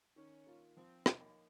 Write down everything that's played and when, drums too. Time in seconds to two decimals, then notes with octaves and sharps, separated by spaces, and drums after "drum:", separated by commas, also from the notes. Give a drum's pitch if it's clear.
0.16 D#3 C#4
0.47 A#3 F4
0.77 F3 C4
1.06 A#3 D#4, drum: rim click